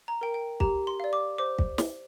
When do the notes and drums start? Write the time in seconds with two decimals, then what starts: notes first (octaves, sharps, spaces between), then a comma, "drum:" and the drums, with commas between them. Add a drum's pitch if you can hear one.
0.08 A#5
0.21 A#4 G5
0.34 G5
0.60 G4 A#5, drum: kick
0.87 C6
1.00 D5 F5
1.13 D6
1.38 C5 D6
1.59 drum: kick
1.78 drum: snare